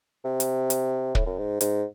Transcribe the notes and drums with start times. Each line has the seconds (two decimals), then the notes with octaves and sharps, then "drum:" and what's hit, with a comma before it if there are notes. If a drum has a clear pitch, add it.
0.25 C3
0.40 drum: hi-hat
0.70 drum: hi-hat
1.15 A2, drum: kick
1.26 F#2
1.38 G#2
1.61 G#2, drum: hi-hat